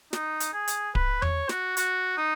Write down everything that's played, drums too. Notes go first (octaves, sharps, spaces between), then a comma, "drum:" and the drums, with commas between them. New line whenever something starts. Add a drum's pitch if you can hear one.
D#4, drum: snare
drum: hi-hat
G#4
drum: hi-hat
B4, drum: kick D1
C#5, drum: tom E2
F#4, drum: snare
F#4, drum: hi-hat
D#4